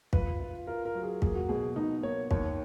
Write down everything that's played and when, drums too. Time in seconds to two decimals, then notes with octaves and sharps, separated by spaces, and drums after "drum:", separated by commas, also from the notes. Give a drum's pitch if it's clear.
0.13 F4 B4, drum: kick
0.40 F4
0.67 F4 A#4
0.85 A#4
0.95 F#3
1.03 G#4
1.22 A#3 G#4, drum: kick
1.35 F#4
1.49 B2 G#4
1.76 B2 D#4
2.03 A#3 C#5
2.31 D#2 C#5, drum: kick